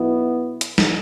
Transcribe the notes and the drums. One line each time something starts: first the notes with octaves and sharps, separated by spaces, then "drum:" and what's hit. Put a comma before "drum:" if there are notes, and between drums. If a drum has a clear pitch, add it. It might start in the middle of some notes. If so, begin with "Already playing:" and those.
Already playing: B1 B2 B3 E4
drum: hi-hat
drum: snare